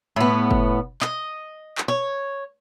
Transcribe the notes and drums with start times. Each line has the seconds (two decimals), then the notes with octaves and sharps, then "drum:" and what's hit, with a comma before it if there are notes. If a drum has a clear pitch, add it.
0.16 A2 B3
0.51 drum: kick
1.01 D#5, drum: clap
1.78 drum: clap
1.88 C#5